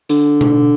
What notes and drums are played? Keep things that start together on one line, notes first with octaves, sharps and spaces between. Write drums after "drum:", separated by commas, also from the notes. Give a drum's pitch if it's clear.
D3, drum: hi-hat
drum: tom B2